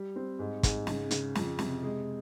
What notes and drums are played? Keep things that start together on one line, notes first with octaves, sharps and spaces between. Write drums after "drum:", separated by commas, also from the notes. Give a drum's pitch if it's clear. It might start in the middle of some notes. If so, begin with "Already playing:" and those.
Already playing: G3
C4
G#2
G#2, drum: kick, hi-hat
C#3, drum: snare
C#3, drum: hi-hat
F2, drum: snare
C3, drum: snare
G#3